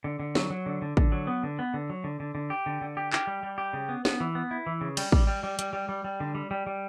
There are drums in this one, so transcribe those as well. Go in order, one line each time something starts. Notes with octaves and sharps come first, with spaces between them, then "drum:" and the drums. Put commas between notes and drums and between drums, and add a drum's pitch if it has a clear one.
D3
D3
F#3, drum: snare
F#3
D3
D3
D3, drum: kick
F#3
B3
D3
B3
D3
F#3
D3
D3
D3
G4
D3
D3
G4
G4, drum: clap
G3
G3
G4
C#3
B3
B3, drum: snare
E3
B3
E4
E3
C#3
G3, drum: cymbal
G3, drum: kick
G3
G3
G3, drum: hi-hat
G3
G3
G3
D3
G3
G3
G3